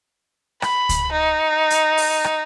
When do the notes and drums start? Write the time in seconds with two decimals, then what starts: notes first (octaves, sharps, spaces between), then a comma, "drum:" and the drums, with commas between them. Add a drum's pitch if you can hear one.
0.62 B5, drum: rim click
0.89 drum: kick C#2, hi-hat
1.12 D#4
1.70 drum: hi-hat
1.97 drum: open hi-hat
2.24 drum: rim click